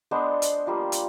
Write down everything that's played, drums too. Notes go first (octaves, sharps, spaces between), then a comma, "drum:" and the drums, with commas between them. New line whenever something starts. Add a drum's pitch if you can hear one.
G#3 B3 D4 C5
drum: hi-hat
F3 G3 A#3
drum: hi-hat